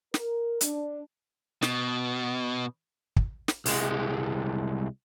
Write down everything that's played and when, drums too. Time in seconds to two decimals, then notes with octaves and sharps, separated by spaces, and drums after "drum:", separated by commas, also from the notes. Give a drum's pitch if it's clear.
0.14 A#4, drum: snare
0.61 D4, drum: hi-hat
1.62 B2, drum: snare
3.16 drum: kick
3.48 drum: snare
3.66 C2 G#3, drum: open hi-hat